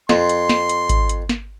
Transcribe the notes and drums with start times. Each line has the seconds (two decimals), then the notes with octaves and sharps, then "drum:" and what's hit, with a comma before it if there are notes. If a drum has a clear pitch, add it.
0.09 F2 C6, drum: snare
0.29 drum: hi-hat
0.49 drum: snare
0.69 drum: hi-hat
0.89 drum: kick G#1, hi-hat
1.09 drum: hi-hat
1.29 drum: snare